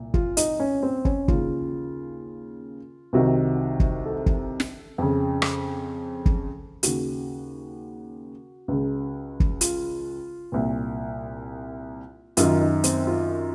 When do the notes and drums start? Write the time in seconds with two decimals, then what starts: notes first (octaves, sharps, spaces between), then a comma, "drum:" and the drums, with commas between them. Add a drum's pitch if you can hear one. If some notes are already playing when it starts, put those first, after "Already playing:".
Already playing: C2 A#2
0.14 F4, drum: kick
0.37 D#4, drum: hi-hat
0.60 C#4
0.83 C4
1.05 C#4, drum: kick
1.28 D#2 C#3 F4, drum: kick
3.13 C2 C3 D#3 F#4
3.80 drum: kick
4.05 A4
4.26 drum: kick
4.60 drum: snare
4.98 F2 C#3
5.42 drum: rim click
6.26 drum: kick
6.83 D#2 C#3 F#4, drum: hi-hat
8.68 C#2 C#3
9.40 drum: kick
9.61 F4, drum: hi-hat
10.52 C2 A#2
12.37 F#2 D#3 F4, drum: hi-hat
12.61 D#4
12.84 C4, drum: hi-hat
13.07 F4